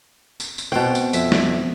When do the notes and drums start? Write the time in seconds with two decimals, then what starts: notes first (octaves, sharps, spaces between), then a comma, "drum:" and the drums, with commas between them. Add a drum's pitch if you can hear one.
0.40 drum: tambourine
0.58 drum: tambourine
0.72 B2 C4 F#5 G5
0.95 drum: tambourine
1.13 F2 E5, drum: tambourine
1.32 drum: snare